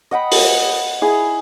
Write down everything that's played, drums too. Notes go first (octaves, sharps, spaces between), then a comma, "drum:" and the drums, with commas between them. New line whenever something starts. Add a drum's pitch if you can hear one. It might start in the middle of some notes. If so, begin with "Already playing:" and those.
D#5 F#5 G5 B5
drum: open hi-hat
E4 G#4